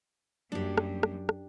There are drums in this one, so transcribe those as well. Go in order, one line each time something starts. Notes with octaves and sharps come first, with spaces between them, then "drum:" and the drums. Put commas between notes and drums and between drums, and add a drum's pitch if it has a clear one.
F#2 F#3 G3 A#3 D4 G4
drum: rim click
drum: rim click
drum: rim click